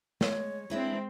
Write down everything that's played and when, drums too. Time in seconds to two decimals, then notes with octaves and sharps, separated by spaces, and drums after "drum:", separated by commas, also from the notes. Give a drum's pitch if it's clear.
0.21 G#3 C#5, drum: snare
0.70 G#3 C4 D4 E4 B4